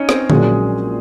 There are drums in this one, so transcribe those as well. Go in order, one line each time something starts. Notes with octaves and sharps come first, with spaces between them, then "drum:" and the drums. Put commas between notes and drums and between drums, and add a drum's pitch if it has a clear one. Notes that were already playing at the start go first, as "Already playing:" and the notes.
Already playing: C#4 D#4 C#5 D#5
C4 C5, drum: rim click
A#1 A#2 F#3 G#3 C#4 G#4, drum: tom D3